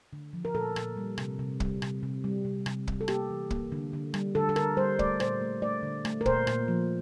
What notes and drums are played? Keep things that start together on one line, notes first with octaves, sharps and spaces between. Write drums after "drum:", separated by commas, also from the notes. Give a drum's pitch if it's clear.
D3
F3
A#4
A#2 A4
A#2, drum: rim click
G3
C3, drum: rim click
C3
G3, drum: kick
C3, drum: rim click
C3
G3
C3
C3, drum: rim click
G3, drum: kick
A4
A#3 G4, drum: rim click
E3
A#3, drum: kick
D3
D3
G3, drum: rim click
D3 A4
A4
D3 A#4, drum: rim click
G3 C5
A3 D5, drum: kick
A#2 C5, drum: rim click
A3
A3 D5
D3
A3, drum: rim click
A#4
A#2 C5, drum: kick
A#2, drum: rim click
F3